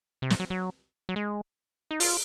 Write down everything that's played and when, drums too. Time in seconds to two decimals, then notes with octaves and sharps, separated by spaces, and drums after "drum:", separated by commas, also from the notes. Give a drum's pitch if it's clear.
0.22 C3
0.30 A#2, drum: snare
0.40 F#3
0.50 F#3
1.09 F#3
1.16 G#3
1.91 D#4
2.00 F4, drum: open hi-hat